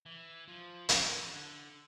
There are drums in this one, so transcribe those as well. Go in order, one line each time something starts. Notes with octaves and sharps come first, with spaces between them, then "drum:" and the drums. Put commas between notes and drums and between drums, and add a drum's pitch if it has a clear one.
E3
F3
E3, drum: hi-hat
F3
E3
D3